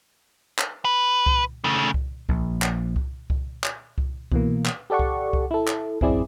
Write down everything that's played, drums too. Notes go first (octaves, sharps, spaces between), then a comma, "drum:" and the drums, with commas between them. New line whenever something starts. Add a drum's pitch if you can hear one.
drum: clap
B4
drum: kick C2
C#3 A3
drum: kick C2
A#1, drum: kick C2
drum: clap
drum: kick C2
drum: kick C2
drum: clap
drum: kick C2
B2 E3 A#3, drum: kick C2
drum: clap
G4 A4 D5 F#5 C#6
drum: kick C2
drum: kick C2
E4 A4
drum: clap
A1 F#2 C4 E4 G#4 D5, drum: kick C2